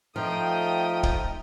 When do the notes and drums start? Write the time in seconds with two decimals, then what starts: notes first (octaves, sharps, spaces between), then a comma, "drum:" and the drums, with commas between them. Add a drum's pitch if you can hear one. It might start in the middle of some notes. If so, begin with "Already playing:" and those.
0.16 F3 A3 D#4 G5 D#6 F6
1.03 drum: kick